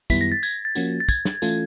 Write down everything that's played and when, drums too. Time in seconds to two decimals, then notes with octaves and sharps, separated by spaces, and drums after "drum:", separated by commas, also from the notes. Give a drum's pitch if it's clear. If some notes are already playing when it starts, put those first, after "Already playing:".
0.10 F#2 D#3 G3 B3 E4 B6, drum: kick, tambourine
0.21 A#6
0.32 A6
0.43 G#6, drum: tambourine
0.65 A6
0.75 F3 A#3 C#4 F#4, drum: tambourine
1.00 A6
1.09 G#6, drum: kick, tambourine
1.25 drum: snare
1.42 E3 A3 C#4 F4 A4, drum: tambourine